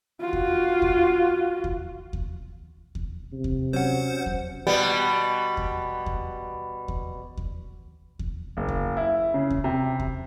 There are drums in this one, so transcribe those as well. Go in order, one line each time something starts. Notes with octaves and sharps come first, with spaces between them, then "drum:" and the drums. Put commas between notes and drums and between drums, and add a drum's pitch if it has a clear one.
F4 F#4
drum: kick D#2
drum: kick D#2
drum: kick D#2
drum: kick D#2
drum: kick D#2
C3
drum: kick D#2
F#3 C#4 C5 F#5
drum: kick D#2
B2 G3 B3
drum: kick D#2
drum: kick D#2
drum: kick D#2
drum: kick D#2
drum: kick D#2
F#1
drum: kick D#2
E4
C#3
drum: kick D#2
C3
drum: kick D#2